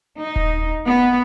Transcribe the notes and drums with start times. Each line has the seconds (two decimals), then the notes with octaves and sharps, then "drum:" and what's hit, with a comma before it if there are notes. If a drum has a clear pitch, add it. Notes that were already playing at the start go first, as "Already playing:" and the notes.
0.20 D#4
0.36 drum: kick D#1
0.85 B3